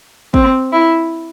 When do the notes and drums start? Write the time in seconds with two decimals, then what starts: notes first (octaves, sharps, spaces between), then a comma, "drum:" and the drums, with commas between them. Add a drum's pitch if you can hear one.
0.34 C4, drum: kick
0.72 E4